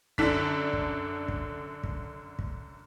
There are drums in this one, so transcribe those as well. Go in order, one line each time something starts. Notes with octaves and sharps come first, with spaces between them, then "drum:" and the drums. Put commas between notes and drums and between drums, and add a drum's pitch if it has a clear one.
F#2 D3 D4 B6, drum: kick
drum: kick
drum: kick
drum: kick
drum: kick